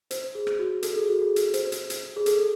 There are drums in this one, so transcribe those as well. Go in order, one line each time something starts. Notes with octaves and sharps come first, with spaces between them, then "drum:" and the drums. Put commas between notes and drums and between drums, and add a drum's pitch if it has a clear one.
C5, drum: hi-hat
G#4
drum: rim click
F#4
A4, drum: hi-hat
G#4
F#4
G#4
drum: hi-hat
C5, drum: hi-hat
drum: hi-hat
drum: hi-hat
G#4
A4, drum: hi-hat